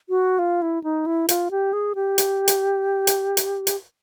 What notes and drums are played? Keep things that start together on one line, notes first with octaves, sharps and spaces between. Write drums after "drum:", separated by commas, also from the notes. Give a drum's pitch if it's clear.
F#4
F4
E4
D#4
E4
F4, drum: hi-hat
G4
G#4
G4
drum: hi-hat
drum: hi-hat
drum: hi-hat
drum: hi-hat
drum: hi-hat